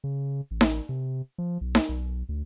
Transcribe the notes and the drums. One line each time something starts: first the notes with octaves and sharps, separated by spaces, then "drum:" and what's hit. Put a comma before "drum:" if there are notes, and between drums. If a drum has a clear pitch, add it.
C#3
A1
drum: snare D#4
C3
F3
B1
drum: snare D#4
B1
D2